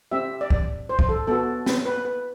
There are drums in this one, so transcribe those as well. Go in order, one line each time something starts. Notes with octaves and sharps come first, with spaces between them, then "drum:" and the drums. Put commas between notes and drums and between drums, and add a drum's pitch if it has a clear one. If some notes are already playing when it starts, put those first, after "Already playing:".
C4 G4 E5
D5
drum: kick
C5
drum: kick
A4
B3 F#4 A4
drum: snare
B4
B4